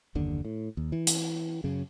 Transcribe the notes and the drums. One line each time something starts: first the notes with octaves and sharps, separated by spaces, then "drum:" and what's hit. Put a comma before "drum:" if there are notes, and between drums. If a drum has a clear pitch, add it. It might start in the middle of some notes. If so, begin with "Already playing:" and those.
F#1 D#2 D3
A2
D#2
E3
drum: hi-hat
F#2 C#3